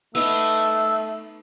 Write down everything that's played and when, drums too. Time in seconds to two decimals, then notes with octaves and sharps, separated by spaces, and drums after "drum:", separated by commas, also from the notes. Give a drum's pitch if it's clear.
0.15 A3 B3 D#4 E6, drum: cymbal